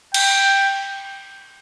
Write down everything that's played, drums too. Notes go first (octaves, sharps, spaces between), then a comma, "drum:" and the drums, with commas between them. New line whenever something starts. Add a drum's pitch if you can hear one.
G5, drum: cymbal